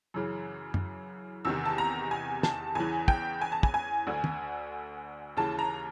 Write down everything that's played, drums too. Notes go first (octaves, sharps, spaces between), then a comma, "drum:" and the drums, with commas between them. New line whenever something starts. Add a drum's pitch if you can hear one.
F#2 C#3 E3
drum: tom F#2
E2 C3 D#3 E6
A5
A#5
G#5
A5, drum: snare
E2 C#3 E3 G#5
G5, drum: kick
G#5
A5
G#5, drum: kick
G#5
D2 D3
drum: tom
D#2 C#3 E3 A5
A#5